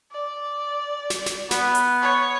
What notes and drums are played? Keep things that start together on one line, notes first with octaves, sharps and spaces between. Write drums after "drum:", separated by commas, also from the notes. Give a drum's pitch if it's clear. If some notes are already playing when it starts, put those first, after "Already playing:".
D5
drum: snare
drum: snare
B3, drum: snare
drum: hi-hat
C#5